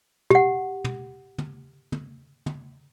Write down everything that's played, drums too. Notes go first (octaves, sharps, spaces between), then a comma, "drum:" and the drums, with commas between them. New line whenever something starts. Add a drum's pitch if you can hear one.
G4 F#5, drum: tom
drum: tom
drum: tom
drum: tom
drum: tom